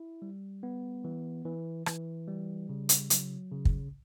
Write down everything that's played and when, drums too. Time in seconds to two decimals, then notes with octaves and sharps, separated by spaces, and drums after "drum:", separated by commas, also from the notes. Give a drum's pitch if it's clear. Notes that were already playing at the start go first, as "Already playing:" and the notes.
Already playing: E4
0.22 G3
0.63 B3
1.04 E3
1.45 E3
1.86 E3, drum: rim click
2.28 G3
2.69 C#3
2.89 drum: hi-hat
3.10 F#3, drum: hi-hat
3.52 C#3
3.65 drum: kick